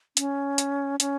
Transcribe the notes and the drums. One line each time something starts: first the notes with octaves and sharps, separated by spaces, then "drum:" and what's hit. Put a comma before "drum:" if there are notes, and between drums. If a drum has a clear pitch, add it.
C#4, drum: hi-hat
drum: hi-hat
C#4, drum: hi-hat